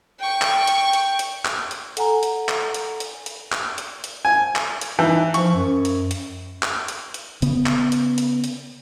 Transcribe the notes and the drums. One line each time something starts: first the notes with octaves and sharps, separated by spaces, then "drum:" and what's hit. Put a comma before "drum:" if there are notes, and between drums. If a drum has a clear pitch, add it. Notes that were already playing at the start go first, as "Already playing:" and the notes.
G5 C#6
drum: clap
drum: hi-hat
drum: hi-hat
drum: hi-hat
drum: clap
drum: hi-hat
A4 F#5 G#5 A#5, drum: hi-hat
drum: hi-hat
drum: clap
drum: hi-hat
drum: hi-hat
drum: hi-hat
drum: clap
drum: hi-hat
drum: hi-hat
G#5
drum: clap
drum: hi-hat
E3 D#4
F3 C#6, drum: hi-hat
F#2
drum: hi-hat
drum: hi-hat
drum: clap
drum: hi-hat
drum: hi-hat
C#3 B3, drum: hi-hat
drum: clap
drum: hi-hat
drum: hi-hat
drum: hi-hat